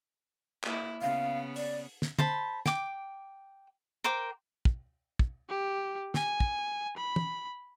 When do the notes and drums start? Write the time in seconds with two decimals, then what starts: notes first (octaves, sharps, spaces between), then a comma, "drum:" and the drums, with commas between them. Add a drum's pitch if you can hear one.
0.64 A#3 E4, drum: clap
1.02 C#3 B3 F5
1.56 D5, drum: open hi-hat
2.02 drum: snare
2.19 C5 A5 B5, drum: tom
2.66 G5 D6, drum: snare
4.04 A#4 C5 G5 D6
4.65 drum: kick
5.19 drum: kick
5.49 G4
6.14 G#5, drum: snare
6.40 drum: kick
6.97 B5
7.16 drum: tom